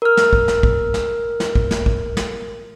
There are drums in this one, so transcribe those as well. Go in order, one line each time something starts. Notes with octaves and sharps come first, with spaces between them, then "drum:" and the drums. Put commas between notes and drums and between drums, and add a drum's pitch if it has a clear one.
A#4 F6
drum: snare
drum: kick
drum: snare
drum: kick
drum: snare
drum: snare
drum: kick
drum: snare
drum: kick
drum: snare